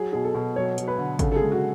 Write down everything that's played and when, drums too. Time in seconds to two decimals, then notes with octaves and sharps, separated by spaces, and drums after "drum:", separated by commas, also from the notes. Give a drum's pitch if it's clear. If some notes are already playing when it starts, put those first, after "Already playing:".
Already playing: F#3 G#4
0.13 B2 G#4
0.24 A4
0.35 B2
0.56 F#3 C#5
0.78 F#3, drum: hi-hat
0.87 B4
0.98 D3
1.19 C#3 A4, drum: kick G#1, hi-hat
1.32 A4
1.36 G#4
1.41 G#3
1.52 F#4